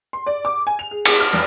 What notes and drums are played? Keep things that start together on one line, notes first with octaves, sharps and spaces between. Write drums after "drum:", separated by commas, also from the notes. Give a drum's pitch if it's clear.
C6
D5
D6
G#5
F7
G#4
G#4, drum: cymbal
F6
F1